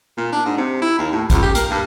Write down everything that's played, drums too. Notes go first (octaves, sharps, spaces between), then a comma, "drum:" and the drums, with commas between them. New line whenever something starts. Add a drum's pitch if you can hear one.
A#2
D4
G#2
C3
E4
D#2
A2
C#2, drum: kick, hi-hat
G4
A#3, drum: hi-hat
G2